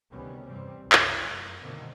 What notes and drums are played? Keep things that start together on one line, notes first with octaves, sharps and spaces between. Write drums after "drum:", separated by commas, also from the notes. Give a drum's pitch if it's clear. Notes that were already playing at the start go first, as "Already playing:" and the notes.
D2 C3 D#3 G3 B3 C#4
E2 G2 C3 G3 C4
F#1 C2
drum: clap
F1 F#2
B2 D3 D#3 G3 A#3 C4